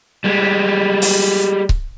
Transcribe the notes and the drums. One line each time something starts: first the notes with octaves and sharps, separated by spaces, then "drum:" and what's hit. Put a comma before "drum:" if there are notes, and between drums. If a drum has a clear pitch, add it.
G3 G#3
drum: open hi-hat
drum: kick C#1